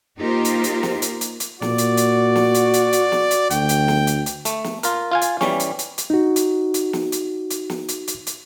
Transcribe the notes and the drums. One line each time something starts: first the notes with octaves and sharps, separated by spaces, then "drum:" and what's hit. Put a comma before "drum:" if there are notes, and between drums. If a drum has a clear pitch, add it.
A#3 D#4 F4 G4 A#4 C5
drum: hi-hat
drum: hi-hat
drum: snare
drum: hi-hat
drum: hi-hat
drum: hi-hat
A#2 F#4 D5, drum: snare
drum: hi-hat
drum: hi-hat
drum: snare
drum: hi-hat
drum: hi-hat
drum: hi-hat
drum: snare
drum: hi-hat
D2 G5, drum: hi-hat
drum: hi-hat
drum: snare
drum: hi-hat
drum: hi-hat
A3, drum: hi-hat
drum: snare
F4 A#4, drum: hi-hat
F4 F5 G#5
drum: hi-hat
E3 G3 C#4, drum: snare
drum: hi-hat
drum: hi-hat
drum: hi-hat
D#4 F#4
drum: hi-hat
drum: hi-hat
drum: snare
drum: hi-hat
drum: hi-hat
drum: snare
drum: hi-hat
drum: hi-hat
drum: hi-hat